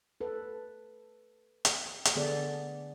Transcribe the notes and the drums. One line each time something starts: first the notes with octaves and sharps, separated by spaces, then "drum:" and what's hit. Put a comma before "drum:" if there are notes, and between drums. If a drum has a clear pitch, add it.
A4 B4
drum: hi-hat
drum: hi-hat
D3 B3 G#4 A4 D5